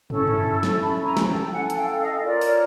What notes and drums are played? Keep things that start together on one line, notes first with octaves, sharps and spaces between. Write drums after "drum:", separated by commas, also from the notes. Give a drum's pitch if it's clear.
C#4 E4 A4, drum: tom
drum: tom G2
drum: snare
C#4 E4 A4 A5 B5
G#5 A#5
drum: snare
G5 A5
C#4 E4 A4 F#5 G#5
G#5, drum: hi-hat
F5 G5
D#5 F5
F4 A#4 C#5 D5
drum: open hi-hat